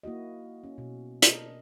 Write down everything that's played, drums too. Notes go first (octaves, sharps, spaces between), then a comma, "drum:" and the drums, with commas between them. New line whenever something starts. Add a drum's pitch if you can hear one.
A#3 E4 F#4 D#5
C#4
B2
D4 A#4 D#5, drum: hi-hat